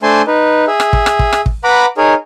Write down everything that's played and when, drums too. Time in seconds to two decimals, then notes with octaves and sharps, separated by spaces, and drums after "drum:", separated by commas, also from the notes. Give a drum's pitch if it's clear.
0.03 A3 D4 C5 G#5 A5 C6
0.27 D#4 B4
0.67 G#4 E5
0.80 drum: rim click
0.93 drum: kick
1.06 drum: rim click
1.19 drum: kick
1.33 drum: rim click
1.46 drum: kick
1.64 B4 F#5 A#5 B5 D6
1.97 D#4 G#4 A#4 C#5